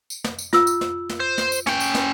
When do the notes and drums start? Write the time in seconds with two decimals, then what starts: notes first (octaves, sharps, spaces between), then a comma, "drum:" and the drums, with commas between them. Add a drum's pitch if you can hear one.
0.10 drum: tambourine
0.24 drum: snare
0.39 drum: tambourine
0.53 F4 E6, drum: snare
0.67 drum: tambourine
0.81 drum: snare
1.09 drum: snare
1.20 C5
1.38 drum: snare
1.52 drum: tambourine
1.67 C#4 G5, drum: snare
1.80 drum: tambourine
1.94 drum: snare